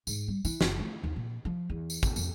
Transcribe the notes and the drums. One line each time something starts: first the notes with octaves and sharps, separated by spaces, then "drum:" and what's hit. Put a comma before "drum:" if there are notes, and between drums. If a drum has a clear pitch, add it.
G#2, drum: tambourine
G3
E3, drum: tambourine
F#1, drum: snare
A3
D#2
A#2
F3
E2
drum: tambourine
drum: kick, tambourine
F2, drum: tambourine